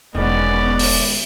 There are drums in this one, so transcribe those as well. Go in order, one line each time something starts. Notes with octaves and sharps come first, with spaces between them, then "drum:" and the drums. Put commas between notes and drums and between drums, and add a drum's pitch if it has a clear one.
E1 G#2 D#3 B3 C#4 D5
drum: open hi-hat